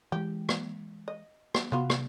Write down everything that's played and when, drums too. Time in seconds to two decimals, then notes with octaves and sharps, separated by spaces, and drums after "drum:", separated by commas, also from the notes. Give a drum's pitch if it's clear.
0.12 E3 G#3 G4
0.49 drum: rim click
1.08 D#5
1.54 drum: rim click
1.72 C3 B3 F4 F#4
1.90 drum: rim click